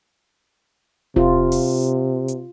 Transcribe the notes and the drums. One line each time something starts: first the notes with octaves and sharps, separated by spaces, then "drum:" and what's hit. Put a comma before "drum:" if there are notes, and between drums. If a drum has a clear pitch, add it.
C3 F4, drum: kick E1
drum: open hi-hat
drum: hi-hat